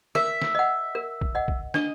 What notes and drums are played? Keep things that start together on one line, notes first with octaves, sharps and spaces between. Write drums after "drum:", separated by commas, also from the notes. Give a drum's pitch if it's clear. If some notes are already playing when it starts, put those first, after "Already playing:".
A#4 E5, drum: snare
drum: snare
D#5 F#5
A#4
drum: kick
D#5 F#5
drum: kick
D4 D#5, drum: snare